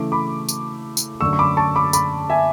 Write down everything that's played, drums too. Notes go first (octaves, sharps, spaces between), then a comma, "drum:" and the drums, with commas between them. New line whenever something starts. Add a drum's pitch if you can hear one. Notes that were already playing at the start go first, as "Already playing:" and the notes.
Already playing: C#3 E3 A3 D6
B5 D6
drum: tambourine
drum: tambourine
F#2 D3 A3 C#6 E6
C#6
B5 D6
A5 C#6
B5 D6
B5 D6, drum: tambourine
E5 G#5